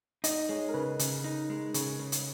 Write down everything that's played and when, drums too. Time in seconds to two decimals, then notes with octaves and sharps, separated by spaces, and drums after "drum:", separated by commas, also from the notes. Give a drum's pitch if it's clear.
0.24 D#4 D#5, drum: hi-hat
0.49 G#3 C#5
0.69 A#4
0.74 C#3 B4
0.99 C#3, drum: hi-hat
1.24 D#4
1.50 G#3
1.74 C#3, drum: hi-hat
2.00 C#3
2.12 drum: hi-hat